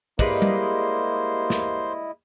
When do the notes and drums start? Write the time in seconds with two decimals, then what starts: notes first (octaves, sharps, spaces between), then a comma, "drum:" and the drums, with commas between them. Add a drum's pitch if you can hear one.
0.19 G3 G#3 A#3 E4 B4 C5 D#5 C6, drum: kick
0.42 drum: tom G3
1.50 drum: snare